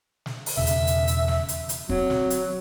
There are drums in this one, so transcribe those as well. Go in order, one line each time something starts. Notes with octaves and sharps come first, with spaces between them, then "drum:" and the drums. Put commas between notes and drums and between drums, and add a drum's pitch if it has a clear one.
drum: snare
drum: open hi-hat
E1 C#3 E5
drum: hi-hat
drum: hi-hat
drum: hi-hat
drum: snare
drum: hi-hat
drum: hi-hat
F#3 C4, drum: kick
drum: snare
drum: hi-hat